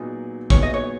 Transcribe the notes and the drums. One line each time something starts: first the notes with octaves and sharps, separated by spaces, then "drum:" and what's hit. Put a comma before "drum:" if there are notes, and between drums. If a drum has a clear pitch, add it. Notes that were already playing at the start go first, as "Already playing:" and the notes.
Already playing: A#2 F#3 B3 D#4 G#4
A#2 F#3 B3 D#4 G#4 C#5, drum: kick
D#5
C#5